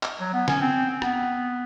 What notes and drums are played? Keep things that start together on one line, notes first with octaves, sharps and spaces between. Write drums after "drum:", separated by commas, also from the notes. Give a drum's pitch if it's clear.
drum: clap
F#3
B3
C#4, drum: snare
C4
B3, drum: rim click